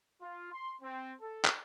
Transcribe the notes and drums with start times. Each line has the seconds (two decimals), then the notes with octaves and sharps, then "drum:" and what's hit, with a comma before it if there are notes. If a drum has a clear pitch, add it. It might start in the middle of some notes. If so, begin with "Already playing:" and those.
0.21 F4
0.52 C6
0.82 C4
1.21 A4
1.45 drum: clap